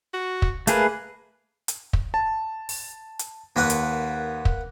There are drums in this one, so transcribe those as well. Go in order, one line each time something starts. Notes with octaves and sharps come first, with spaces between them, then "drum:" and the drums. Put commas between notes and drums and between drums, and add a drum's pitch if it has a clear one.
F#4
drum: kick
A3 A#3 G#4 B4, drum: hi-hat
drum: hi-hat
drum: kick
A5
drum: open hi-hat
drum: hi-hat
D#2 A#3 B4 F#5
drum: hi-hat
drum: kick